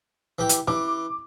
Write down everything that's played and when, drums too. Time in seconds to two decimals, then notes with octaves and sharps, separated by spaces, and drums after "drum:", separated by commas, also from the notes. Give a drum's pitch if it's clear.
0.39 E3 G4
0.49 drum: hi-hat
0.67 E3 D6